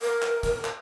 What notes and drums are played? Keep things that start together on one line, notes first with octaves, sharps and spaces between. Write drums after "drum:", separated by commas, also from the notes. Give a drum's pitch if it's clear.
A#4
drum: clap
drum: kick, hi-hat
drum: clap